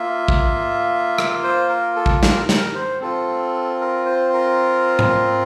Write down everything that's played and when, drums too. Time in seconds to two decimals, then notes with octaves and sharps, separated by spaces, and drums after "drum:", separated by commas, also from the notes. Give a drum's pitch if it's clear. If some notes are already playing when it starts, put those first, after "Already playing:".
Already playing: A#3 F4 E5
0.28 drum: kick
1.18 drum: rim click
1.44 C5
1.69 A#4
1.96 A4
2.06 drum: kick
2.23 A#4, drum: snare
2.49 A#4, drum: snare
2.75 C5
3.01 C4 F4 A4
3.81 A#4
4.06 C5
4.33 A#4
4.99 drum: tom G#2